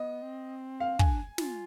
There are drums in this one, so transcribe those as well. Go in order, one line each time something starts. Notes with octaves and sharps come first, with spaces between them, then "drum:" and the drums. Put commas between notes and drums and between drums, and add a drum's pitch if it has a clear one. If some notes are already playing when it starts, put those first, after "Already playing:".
Already playing: B3 D#5
C4
F5
D4 G#5, drum: kick
F4, drum: snare